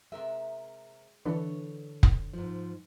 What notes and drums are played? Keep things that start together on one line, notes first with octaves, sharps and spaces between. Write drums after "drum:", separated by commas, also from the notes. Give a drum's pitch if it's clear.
C3 G#3 A#4 E5
D3 E3 D4 A4 B4 C#5
drum: kick
G#2 F3